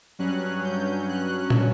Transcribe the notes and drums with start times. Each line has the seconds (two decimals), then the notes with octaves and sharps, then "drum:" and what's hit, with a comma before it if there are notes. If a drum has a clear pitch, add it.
0.19 G2 F#3 C#4 F#6
0.64 G6
1.09 F#6
1.50 drum: tom A#2